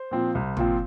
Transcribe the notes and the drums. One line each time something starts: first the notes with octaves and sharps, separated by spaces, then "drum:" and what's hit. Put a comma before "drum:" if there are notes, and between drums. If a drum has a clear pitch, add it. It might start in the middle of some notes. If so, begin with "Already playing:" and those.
Already playing: C5
A#2 F3 C4
C2
A#2 F3 C4, drum: tom